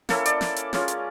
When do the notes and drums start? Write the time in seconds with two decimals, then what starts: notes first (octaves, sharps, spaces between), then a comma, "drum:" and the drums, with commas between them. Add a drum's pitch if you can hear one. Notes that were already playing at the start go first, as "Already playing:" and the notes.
0.09 A#3 C#4 E4 A4, drum: snare
0.26 D5, drum: hi-hat
0.41 drum: snare
0.56 drum: hi-hat
0.73 G#3 C#4 F4, drum: snare
0.88 drum: hi-hat